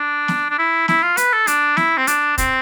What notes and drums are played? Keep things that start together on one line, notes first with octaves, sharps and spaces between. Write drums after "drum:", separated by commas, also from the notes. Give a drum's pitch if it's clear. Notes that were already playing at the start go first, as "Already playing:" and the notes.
Already playing: D4
drum: snare
D4
E4
E4, drum: snare
F4
B4, drum: hi-hat
A4
D4, drum: hi-hat
E4, drum: snare
C4
D4, drum: hi-hat
C4, drum: kick, hi-hat